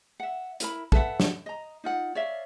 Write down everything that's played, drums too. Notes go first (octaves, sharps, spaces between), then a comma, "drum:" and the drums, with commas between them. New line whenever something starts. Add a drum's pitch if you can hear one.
E5 F#5
E4 A#4 B5, drum: hi-hat
A4 B4 E5 F#5, drum: kick
drum: snare
D#5 A#5
D#4 F4 F#5
C#5 D5 E5 F5